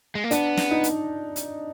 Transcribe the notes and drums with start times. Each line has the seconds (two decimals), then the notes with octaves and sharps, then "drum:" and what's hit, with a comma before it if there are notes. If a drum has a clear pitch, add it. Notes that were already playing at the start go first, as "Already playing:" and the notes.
0.15 G#3
0.24 A#3
0.31 B3 D4, drum: hi-hat
0.57 drum: snare
0.71 D#4
0.84 drum: hi-hat
1.36 drum: hi-hat